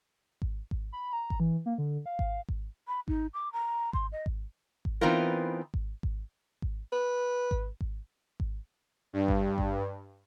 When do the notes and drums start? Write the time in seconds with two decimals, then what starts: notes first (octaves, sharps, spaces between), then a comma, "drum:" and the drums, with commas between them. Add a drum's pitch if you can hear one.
0.42 drum: kick G#1
0.71 drum: kick G#1
0.93 B5
1.13 A#5
1.30 drum: kick G#1
1.40 E3
1.66 A#3
1.78 D3
2.06 F5
2.19 drum: kick G#1
2.49 drum: kick G#1
2.87 B5
3.08 D#4, drum: kick G#1
3.34 D6
3.53 A#5
3.93 C6, drum: kick G#1
4.12 D#5
4.26 drum: kick G#1
4.85 drum: kick G#1
5.01 E3 B3 C4 D#4 F4 A#4
5.74 drum: kick G#1
6.03 drum: kick G#1
6.62 drum: kick G#1
6.92 B4
7.51 drum: kick G#1
7.81 drum: kick G#1
8.40 drum: kick G#1
9.13 G2
9.28 drum: kick G#1
9.58 drum: kick G#1